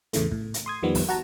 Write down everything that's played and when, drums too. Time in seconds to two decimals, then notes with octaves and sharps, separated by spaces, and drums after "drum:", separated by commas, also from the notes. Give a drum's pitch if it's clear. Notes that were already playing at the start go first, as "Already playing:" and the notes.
0.13 E2 A2 C#3 E3 A3, drum: hi-hat
0.31 A2, drum: kick
0.54 drum: hi-hat
0.66 C6 D#6 G#6
0.83 F2 D#3 F3 G3 B3
0.95 drum: kick, open hi-hat
1.09 F#4 F#5 A5 A#5